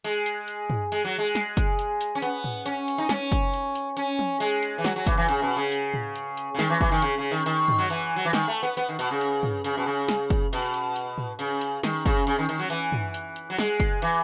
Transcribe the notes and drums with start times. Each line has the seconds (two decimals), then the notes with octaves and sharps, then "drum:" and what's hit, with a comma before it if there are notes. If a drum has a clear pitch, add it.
0.04 G#3, drum: hi-hat
0.26 drum: hi-hat
0.48 drum: hi-hat
0.70 drum: tom
0.92 G#3, drum: hi-hat
1.05 F#3
1.18 G#3
1.35 drum: snare
1.57 drum: kick, hi-hat
1.79 drum: hi-hat
2.01 drum: hi-hat
2.15 C#4
2.22 B3, drum: hi-hat
2.44 drum: tom
2.66 C#4, drum: hi-hat
2.88 drum: hi-hat
2.98 D#4
3.09 C#4, drum: snare
3.32 drum: kick, hi-hat
3.53 drum: hi-hat
3.75 drum: hi-hat
3.97 C#4, drum: hi-hat
4.19 drum: tom
4.40 G#3, drum: hi-hat
4.63 drum: hi-hat
4.78 E3
4.84 F#3, drum: snare
4.96 F#3
5.07 E3, drum: kick, hi-hat
5.17 E3
5.29 C#3, drum: hi-hat
5.42 B2
5.57 C#3
5.72 drum: hi-hat
5.94 drum: tom
6.15 drum: hi-hat
6.37 drum: hi-hat
6.55 C#3
6.59 D#3, drum: snare
6.70 E3
6.81 E3, drum: kick
6.91 D#3
7.02 C#3, drum: hi-hat
7.18 C#3
7.31 D#3
7.46 D#3, drum: hi-hat
7.68 drum: tom
7.79 F#3
7.90 E3, drum: hi-hat
8.16 F#3
8.25 E3
8.33 D#3, drum: snare
8.48 A3
8.63 B3
8.77 B3, drum: hi-hat
8.89 D#3
8.99 B2, drum: hi-hat
9.11 C#3
9.21 drum: hi-hat
9.43 drum: tom
9.64 C#3, drum: hi-hat
9.77 B2
9.86 C#3
10.09 drum: snare
10.30 drum: kick, hi-hat
10.53 B2, drum: hi-hat
10.74 drum: hi-hat
10.96 drum: hi-hat
11.18 drum: tom
11.39 C#3, drum: hi-hat
11.61 drum: hi-hat
11.83 D#3, drum: snare
12.06 C#3, drum: kick, hi-hat
12.27 C#3, drum: hi-hat
12.38 D#3
12.49 D#3, drum: hi-hat
12.59 F#3
12.70 E3, drum: hi-hat
12.92 drum: tom
13.14 drum: hi-hat
13.36 drum: hi-hat
13.50 F#3
13.58 G#3, drum: snare
13.80 drum: kick, hi-hat
14.02 E3, drum: hi-hat